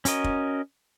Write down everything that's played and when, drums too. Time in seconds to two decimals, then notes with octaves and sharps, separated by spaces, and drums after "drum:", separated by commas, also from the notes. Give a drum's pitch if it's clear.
0.05 C#4 F#4 A#4 D#5, drum: hi-hat
0.24 drum: kick